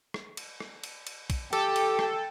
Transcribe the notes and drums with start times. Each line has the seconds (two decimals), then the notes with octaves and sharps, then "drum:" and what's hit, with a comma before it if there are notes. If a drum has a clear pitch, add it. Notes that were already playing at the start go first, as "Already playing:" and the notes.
0.14 drum: rim click
0.37 drum: cymbal
0.60 drum: rim click
0.84 drum: cymbal
1.07 drum: cymbal
1.30 drum: kick, cymbal
1.53 G4 A4 G5, drum: cymbal
1.76 drum: cymbal
1.99 drum: rim click